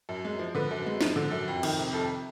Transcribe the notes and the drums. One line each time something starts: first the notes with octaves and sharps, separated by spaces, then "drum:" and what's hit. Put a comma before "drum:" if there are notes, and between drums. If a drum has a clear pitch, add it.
F#2
G#3
F3
D3 B4
F#2
G#3
F3, drum: snare
D3
F#2
F2
D#3, drum: cymbal
C3
F2 A4